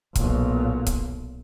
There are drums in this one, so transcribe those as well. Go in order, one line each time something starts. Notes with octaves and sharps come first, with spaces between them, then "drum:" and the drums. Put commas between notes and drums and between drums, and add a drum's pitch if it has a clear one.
B1 A#2, drum: kick, hi-hat
drum: kick, hi-hat